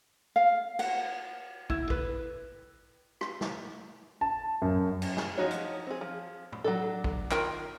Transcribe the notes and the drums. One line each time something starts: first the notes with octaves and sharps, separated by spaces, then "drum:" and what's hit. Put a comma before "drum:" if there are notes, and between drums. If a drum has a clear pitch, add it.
F5
F#5, drum: cymbal
E4, drum: kick
B4, drum: kick
drum: rim click
drum: snare
A5
F#2
drum: cymbal
G#4, drum: snare
F3 D#4 F#4 C#5
drum: hi-hat
C4 G#4
F3
drum: tom
F#3 D4 A4
drum: kick
D#3 F4 A#4 G5, drum: clap